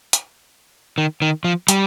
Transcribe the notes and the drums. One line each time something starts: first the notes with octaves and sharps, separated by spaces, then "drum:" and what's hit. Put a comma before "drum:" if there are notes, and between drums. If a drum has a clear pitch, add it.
drum: hi-hat
D#3
D#3
F3
G3, drum: hi-hat